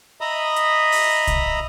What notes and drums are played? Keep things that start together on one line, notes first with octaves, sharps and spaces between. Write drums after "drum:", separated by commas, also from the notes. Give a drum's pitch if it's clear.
D#5 E5 A#5 B5 D#6
drum: hi-hat
drum: open hi-hat
drum: kick, hi-hat